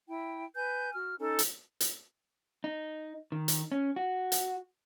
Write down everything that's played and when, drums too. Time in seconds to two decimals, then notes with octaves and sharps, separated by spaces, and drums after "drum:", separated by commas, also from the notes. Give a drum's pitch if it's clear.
0.07 E4 G5
0.55 B4 G#5 G6
0.93 F#4 F6
1.19 C#4 D#4 A4
1.39 drum: hi-hat
1.80 drum: hi-hat
2.64 D#4
3.32 D#3
3.48 drum: hi-hat
3.72 C#4
3.96 F#4
4.32 drum: hi-hat